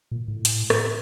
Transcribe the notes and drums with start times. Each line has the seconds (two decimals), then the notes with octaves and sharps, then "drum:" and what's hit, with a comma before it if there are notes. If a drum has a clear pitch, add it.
0.12 A#2
0.28 A2
0.45 drum: hi-hat
0.70 drum: rim click